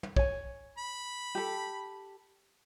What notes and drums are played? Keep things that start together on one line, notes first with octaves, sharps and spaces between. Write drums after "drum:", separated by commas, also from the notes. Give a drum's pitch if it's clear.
drum: tom
C#5 G#5, drum: kick
B5
G4 A4